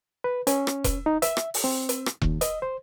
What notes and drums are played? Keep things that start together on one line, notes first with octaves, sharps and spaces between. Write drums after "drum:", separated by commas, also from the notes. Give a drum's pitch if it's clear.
B4
C#4, drum: hi-hat
drum: rim click
drum: kick E1, hi-hat
D#4
E5, drum: hi-hat
drum: rim click
drum: open hi-hat
C4
drum: hi-hat
drum: rim click
D#2, drum: kick E1
D#5, drum: hi-hat
C5